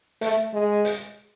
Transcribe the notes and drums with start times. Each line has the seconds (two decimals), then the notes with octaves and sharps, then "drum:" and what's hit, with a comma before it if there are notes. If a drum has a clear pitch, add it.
0.21 A3, drum: hi-hat
0.53 G#3
0.85 drum: hi-hat